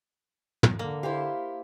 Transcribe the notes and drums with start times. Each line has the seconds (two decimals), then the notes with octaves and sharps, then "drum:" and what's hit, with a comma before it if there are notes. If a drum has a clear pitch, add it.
0.63 drum: tom
0.79 D3 A#3
1.03 E4 G4 C5 E5 F5